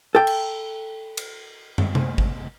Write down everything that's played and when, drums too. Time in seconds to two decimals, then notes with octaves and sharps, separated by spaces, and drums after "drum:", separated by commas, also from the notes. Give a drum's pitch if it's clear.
0.15 A4 G5
0.27 drum: cymbal
1.17 drum: cymbal
1.78 drum: tom
1.95 drum: tom C3
2.18 drum: kick G#1